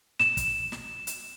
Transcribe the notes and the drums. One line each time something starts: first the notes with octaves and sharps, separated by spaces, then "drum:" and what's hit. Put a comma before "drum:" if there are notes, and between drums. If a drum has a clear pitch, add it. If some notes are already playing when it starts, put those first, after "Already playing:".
E7, drum: snare
drum: kick, hi-hat
drum: snare
drum: hi-hat